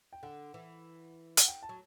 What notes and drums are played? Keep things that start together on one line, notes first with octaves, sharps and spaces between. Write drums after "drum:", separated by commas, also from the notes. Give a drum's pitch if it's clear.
G5
D3 F#5
E3
F#5, drum: hi-hat
G5
A5
F#3